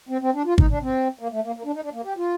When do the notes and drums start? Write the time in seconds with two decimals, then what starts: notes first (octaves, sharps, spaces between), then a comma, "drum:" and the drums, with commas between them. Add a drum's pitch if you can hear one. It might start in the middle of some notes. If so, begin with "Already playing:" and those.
0.09 C4
0.22 C4
0.34 D4
0.45 F4
0.58 D#4, drum: kick
0.70 D4
0.82 C4
1.19 A#3
1.32 A3
1.43 A#3
1.57 A#3
1.65 D4
1.74 D#4
1.83 D4
1.93 A#3
2.05 G4
2.17 F4